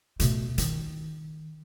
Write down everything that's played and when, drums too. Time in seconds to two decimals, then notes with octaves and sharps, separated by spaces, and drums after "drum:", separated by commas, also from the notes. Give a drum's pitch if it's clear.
0.20 B2 A3, drum: hi-hat
0.58 D#3, drum: hi-hat